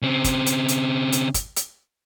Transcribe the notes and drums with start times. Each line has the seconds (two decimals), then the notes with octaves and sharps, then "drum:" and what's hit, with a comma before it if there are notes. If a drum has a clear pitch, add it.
0.02 C#3 C4
0.24 drum: kick, hi-hat
0.46 drum: hi-hat
0.68 drum: hi-hat
1.12 drum: hi-hat
1.34 drum: kick, hi-hat
1.56 drum: hi-hat